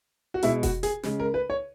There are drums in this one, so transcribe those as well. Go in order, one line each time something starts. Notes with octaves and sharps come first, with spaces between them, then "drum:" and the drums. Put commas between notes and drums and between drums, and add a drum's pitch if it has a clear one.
F#4
B2 G#3 E4, drum: hi-hat
F#4, drum: kick F1, open hi-hat
G#4, drum: hi-hat
C#3 G#3, drum: snare
A#4
B4
C#5